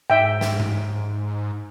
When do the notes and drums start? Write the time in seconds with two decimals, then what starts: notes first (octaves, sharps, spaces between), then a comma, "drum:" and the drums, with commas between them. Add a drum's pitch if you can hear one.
0.10 G#2 E5 G5
0.41 drum: snare
0.60 drum: tom G#2